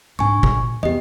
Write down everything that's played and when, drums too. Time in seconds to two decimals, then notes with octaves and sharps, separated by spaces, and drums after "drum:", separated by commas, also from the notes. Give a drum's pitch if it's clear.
0.19 G#2 D4 G#5 C#6
0.43 A#2, drum: kick
0.83 E2 G4 D#5